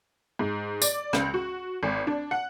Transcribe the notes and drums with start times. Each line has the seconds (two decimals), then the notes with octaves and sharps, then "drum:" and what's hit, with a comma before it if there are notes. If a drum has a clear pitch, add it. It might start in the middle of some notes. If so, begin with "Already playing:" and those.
0.39 G#2
0.82 D5, drum: tambourine
1.13 C#2, drum: rim click
1.34 F#4
1.83 G#1
2.07 D4
2.31 F#5